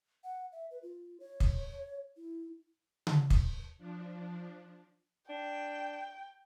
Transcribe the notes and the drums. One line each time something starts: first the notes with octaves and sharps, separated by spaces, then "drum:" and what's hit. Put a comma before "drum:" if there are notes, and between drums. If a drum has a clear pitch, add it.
F#5
E5
B4
F4
C#5
drum: kick
E4
drum: tom C#3
drum: kick
F3 D4
D4 G5